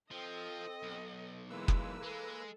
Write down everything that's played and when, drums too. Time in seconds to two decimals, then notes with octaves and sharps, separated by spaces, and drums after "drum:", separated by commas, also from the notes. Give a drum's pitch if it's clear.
0.11 F3 C4 A4 D#5
0.83 B1
1.49 E3 G#3 A#3 B4 E6
1.68 drum: kick
2.03 G#3 A4